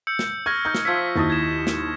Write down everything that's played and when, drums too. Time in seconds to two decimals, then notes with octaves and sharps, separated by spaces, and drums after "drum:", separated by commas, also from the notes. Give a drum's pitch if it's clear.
0.07 E6 G6 C#7
0.19 drum: snare
0.46 C#6 F6 G#6 A#6
0.65 D#4 G6
0.75 drum: snare
0.85 F3 E5 G#6 B6
1.16 D#2 E4 D#5 A5 C#6
1.30 G#6 E7
1.67 drum: snare